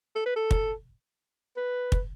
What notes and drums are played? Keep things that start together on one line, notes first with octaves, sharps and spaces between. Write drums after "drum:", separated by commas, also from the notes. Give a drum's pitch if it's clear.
A4
B4
A4
drum: kick
B4
drum: kick